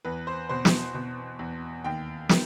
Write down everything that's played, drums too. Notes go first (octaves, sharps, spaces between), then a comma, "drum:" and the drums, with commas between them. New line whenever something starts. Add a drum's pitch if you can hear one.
E2 B4
C5
B2 C5
drum: snare
B2
E2
D#2 G5
D#3, drum: snare